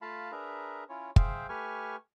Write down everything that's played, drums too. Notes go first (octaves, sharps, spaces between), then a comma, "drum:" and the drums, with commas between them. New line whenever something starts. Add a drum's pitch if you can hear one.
A3 F4 F5 A5 B5
D4 G#4 A#4 B4 E5 A#5
C#4 E4 F4 C#5
G#4 C5 E5 F5 G5, drum: kick
A3 G4 B4 G#5 C#6 F6